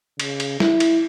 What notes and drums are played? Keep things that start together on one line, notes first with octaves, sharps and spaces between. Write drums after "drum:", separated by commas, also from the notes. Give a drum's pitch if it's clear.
C#3, drum: cymbal
drum: cymbal
E4, drum: snare
drum: cymbal